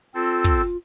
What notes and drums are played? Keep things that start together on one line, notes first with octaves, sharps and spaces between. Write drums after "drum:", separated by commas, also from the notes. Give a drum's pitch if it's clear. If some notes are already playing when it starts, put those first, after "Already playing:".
C4 F4 A4
drum: kick